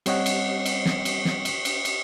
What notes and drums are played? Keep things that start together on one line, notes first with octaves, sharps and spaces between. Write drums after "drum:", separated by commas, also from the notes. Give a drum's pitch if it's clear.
G3 C4 C#5 D#5 F#5, drum: cymbal
drum: cymbal
drum: cymbal
drum: snare
drum: cymbal
drum: snare
drum: cymbal
drum: cymbal
drum: cymbal